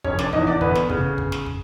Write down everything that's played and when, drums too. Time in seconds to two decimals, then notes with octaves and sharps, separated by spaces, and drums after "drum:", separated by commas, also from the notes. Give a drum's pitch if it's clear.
0.04 F1 C#4 C#5, drum: kick
0.19 D4 D5, drum: snare
0.33 E2 D#4 D#5, drum: kick
0.47 D4 D5
0.61 D2 B3 B4, drum: kick
0.75 drum: snare
0.90 C#3, drum: kick
1.18 drum: kick
1.32 drum: snare
1.46 drum: kick